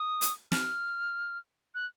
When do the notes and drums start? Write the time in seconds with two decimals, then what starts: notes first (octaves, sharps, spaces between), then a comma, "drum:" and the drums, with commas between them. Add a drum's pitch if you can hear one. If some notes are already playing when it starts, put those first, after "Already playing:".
Already playing: D#6
0.21 drum: hi-hat
0.52 F6, drum: snare
1.75 F#6